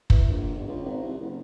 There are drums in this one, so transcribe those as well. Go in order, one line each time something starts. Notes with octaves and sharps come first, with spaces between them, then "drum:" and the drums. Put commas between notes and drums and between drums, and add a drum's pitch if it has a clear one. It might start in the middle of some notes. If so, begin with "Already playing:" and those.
E3, drum: kick
A#1
G1
C#2
G#1
C2
F#1